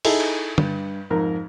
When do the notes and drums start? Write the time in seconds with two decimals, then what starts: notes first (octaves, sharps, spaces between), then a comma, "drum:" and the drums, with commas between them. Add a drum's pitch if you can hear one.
0.05 D#4 E4 G#4 A4 E5, drum: open hi-hat
0.20 drum: cymbal
0.58 G2, drum: tom
1.10 F2 G#2 A#4